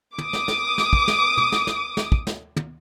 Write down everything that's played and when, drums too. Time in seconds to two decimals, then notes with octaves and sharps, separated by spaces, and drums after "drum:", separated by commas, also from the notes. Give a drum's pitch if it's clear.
0.18 D6 D#6, drum: tom
0.33 drum: snare
0.48 drum: snare
0.78 drum: snare
0.93 drum: kick
1.08 drum: snare
1.37 drum: tom
1.52 drum: snare
1.67 drum: snare
1.97 drum: snare
2.12 drum: kick
2.27 drum: snare
2.56 drum: tom